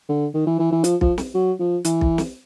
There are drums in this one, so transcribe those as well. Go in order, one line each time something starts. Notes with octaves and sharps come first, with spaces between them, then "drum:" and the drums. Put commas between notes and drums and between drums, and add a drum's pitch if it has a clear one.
D3
D#3
E3
E3
E3
F3, drum: hi-hat
F3, drum: kick B1
drum: snare
F#3
F3
E3, drum: hi-hat
drum: kick B1
drum: snare